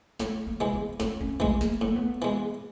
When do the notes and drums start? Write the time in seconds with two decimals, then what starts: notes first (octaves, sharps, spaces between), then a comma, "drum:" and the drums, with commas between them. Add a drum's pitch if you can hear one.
0.19 A2 A3, drum: snare
0.46 A#3
0.61 E3 G#3, drum: tom
0.74 B3
1.00 A2 C4, drum: snare
1.21 C#4
1.40 E3 G#3 A3, drum: kick
1.61 A#3, drum: snare
1.81 A2 B3
1.88 A#3
1.96 B3
2.22 E3 G#3